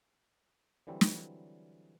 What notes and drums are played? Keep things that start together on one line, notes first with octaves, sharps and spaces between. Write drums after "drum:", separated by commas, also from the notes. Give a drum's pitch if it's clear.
D3 E3 F#3 G3 C4
drum: snare